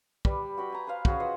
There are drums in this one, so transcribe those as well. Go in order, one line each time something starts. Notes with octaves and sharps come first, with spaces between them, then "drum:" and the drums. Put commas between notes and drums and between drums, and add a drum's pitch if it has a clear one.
G3 B4 D5, drum: kick
F#4 G5 B5
G5 G#5 A#5
B4 C5 F5
C#4 F#4 G#4 B4, drum: kick
F4 C5 D#5 F#5